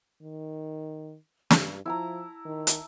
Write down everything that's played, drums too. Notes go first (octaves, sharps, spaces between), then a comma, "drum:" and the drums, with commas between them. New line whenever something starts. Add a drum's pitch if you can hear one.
D#3
G2, drum: snare
F3 E4 A5 A#5
D#3
drum: hi-hat